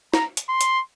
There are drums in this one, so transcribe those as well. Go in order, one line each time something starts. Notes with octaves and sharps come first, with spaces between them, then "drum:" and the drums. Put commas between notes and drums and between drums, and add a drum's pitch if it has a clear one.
A#5, drum: snare
drum: hi-hat
C6
drum: hi-hat